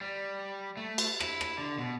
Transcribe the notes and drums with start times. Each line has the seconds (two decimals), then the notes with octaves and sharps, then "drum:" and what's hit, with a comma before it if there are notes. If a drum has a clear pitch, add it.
0.01 G3
0.77 A3
0.98 drum: cymbal
1.20 E4, drum: rim click
1.41 drum: rim click
1.58 D3
1.79 B2